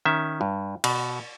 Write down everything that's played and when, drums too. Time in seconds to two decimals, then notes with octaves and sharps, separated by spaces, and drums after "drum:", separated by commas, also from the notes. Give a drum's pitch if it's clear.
0.05 D#3 C#4 E5
0.41 G2
0.84 B2, drum: cymbal